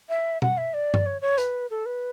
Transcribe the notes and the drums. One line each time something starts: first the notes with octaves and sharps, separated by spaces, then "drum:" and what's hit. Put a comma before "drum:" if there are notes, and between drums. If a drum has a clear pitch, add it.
E5
F#5, drum: tom B2
E5
D5
drum: tom G2
C#5
C#5
B4, drum: hi-hat
A4
B4